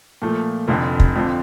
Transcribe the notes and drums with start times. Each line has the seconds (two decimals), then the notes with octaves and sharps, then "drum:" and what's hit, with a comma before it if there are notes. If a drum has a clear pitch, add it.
0.22 A#2 F3 A3
0.68 F1 F2 D3
1.00 drum: kick
1.15 F2 D3 F3 C4